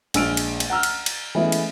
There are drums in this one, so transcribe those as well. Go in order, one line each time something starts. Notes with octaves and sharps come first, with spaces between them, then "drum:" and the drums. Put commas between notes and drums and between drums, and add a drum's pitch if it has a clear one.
A#1 G#3 E6 F6 D7 F7, drum: cymbal
drum: cymbal
drum: cymbal
F#5 A#5 E6 F6
drum: cymbal
drum: cymbal
E3 G#3 A3 B3 C#4 E4
drum: cymbal